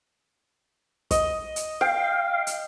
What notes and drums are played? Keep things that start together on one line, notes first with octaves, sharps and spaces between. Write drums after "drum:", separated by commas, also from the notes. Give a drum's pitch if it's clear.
D#5, drum: kick, hi-hat
drum: hi-hat
F5 G5
drum: hi-hat